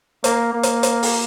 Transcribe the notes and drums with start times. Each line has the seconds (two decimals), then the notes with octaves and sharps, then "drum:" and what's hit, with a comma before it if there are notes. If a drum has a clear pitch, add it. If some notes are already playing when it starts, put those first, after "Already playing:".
0.24 A#3, drum: hi-hat
0.53 A#3
0.63 drum: hi-hat
0.83 drum: hi-hat
1.03 drum: open hi-hat